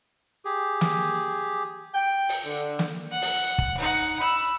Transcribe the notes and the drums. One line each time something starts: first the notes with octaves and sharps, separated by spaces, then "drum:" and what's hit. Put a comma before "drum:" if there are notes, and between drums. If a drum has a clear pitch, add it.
G4 G#4
drum: snare
G5
drum: open hi-hat
D3
drum: snare
F#5
drum: open hi-hat
drum: kick
D#4 F#5
B5 E6